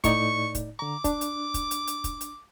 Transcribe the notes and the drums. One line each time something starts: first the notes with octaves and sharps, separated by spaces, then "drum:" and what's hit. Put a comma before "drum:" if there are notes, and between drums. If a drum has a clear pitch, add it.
A2 D#4 D5 C#6, drum: kick, hi-hat
drum: kick, hi-hat
D3 A#5 D6
D4, drum: kick, hi-hat
drum: hi-hat
drum: kick, hi-hat
drum: hi-hat
drum: hi-hat
drum: kick, hi-hat
drum: hi-hat